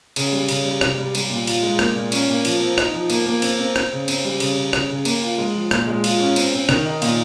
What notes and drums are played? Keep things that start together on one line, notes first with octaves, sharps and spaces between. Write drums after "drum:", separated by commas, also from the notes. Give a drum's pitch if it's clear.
C#3, drum: cymbal
G3
C#3, drum: cymbal
G3
C3, drum: rim click
G3
G3, drum: cymbal
A#2
F4, drum: cymbal
G#3
A#3, drum: rim click
A#2
C#4, drum: cymbal
A#3
F3, drum: cymbal
C4
D#4, drum: rim click
F3
A#3, drum: cymbal
A#3
C4, drum: cymbal
C4
C4, drum: rim click
C#3
C4, drum: cymbal
G3
C#3, drum: cymbal
C#3
C#3, drum: rim click
C#3
A#3, drum: cymbal
F4
G#3
F3
A#2, drum: rim click
G#3
F4, drum: cymbal
C#4
C4, drum: cymbal
C4
D#3, drum: rim click
D#4
A#2, drum: cymbal